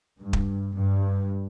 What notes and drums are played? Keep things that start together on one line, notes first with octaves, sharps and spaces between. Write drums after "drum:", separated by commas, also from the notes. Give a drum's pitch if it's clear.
G2
drum: kick
G2